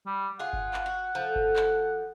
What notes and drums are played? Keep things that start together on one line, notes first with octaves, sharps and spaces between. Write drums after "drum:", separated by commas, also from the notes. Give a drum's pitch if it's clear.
G3
F4 G#4 F#5
drum: kick G1
drum: clap
F#4
F3 A4
drum: kick G1
drum: clap